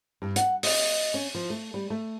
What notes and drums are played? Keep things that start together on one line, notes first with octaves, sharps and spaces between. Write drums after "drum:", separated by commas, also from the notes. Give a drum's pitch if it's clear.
G2
F#5, drum: hi-hat
D#5, drum: open hi-hat
C#4
F3
A3
G3
A3